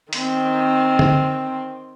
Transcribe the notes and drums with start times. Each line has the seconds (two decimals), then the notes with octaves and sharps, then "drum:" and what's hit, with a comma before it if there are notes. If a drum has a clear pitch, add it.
0.13 D#3 C4, drum: hi-hat
0.99 drum: tom